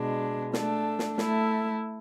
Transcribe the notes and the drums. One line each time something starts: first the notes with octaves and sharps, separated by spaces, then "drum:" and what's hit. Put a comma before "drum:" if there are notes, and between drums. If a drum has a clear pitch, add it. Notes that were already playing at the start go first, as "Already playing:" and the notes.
Already playing: B2 G#3 D4
A3 D4 A4, drum: snare
drum: snare
A3 E4 A4, drum: snare